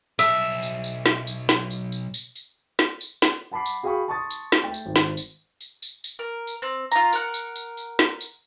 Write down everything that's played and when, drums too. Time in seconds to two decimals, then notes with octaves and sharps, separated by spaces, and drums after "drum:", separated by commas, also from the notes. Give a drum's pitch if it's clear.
0.19 B1 E5 A5, drum: tambourine
0.62 drum: tambourine
0.84 drum: tambourine
1.06 drum: snare
1.27 drum: tambourine
1.49 drum: snare
1.71 drum: tambourine
1.92 drum: tambourine
2.14 drum: tambourine
2.36 drum: tambourine
2.79 drum: snare
3.01 drum: tambourine
3.22 drum: snare
3.52 F#5 A5 B5 D6 C7
3.66 drum: tambourine
3.83 F#4 G#4 F5 G5 B5 C#6
4.08 A5 C6 C#6 D#6 A6
4.31 drum: tambourine
4.52 drum: snare
4.64 A3 G5
4.74 drum: tambourine
4.86 G#1
4.96 drum: snare
5.17 drum: tambourine
5.61 drum: tambourine
5.82 drum: tambourine
6.04 drum: tambourine
6.19 A#4
6.47 drum: tambourine
6.62 C4
6.91 F4 A#5, drum: tambourine
7.13 A#4 F#5, drum: tambourine
7.34 drum: tambourine
7.56 drum: tambourine
7.77 drum: tambourine
7.99 drum: snare
8.21 drum: tambourine